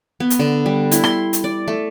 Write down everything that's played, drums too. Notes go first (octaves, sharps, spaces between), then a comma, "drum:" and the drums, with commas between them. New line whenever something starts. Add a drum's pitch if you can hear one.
B3
drum: hi-hat
D3
G3
E4, drum: hi-hat
C6, drum: rim click
drum: hi-hat
D5
A3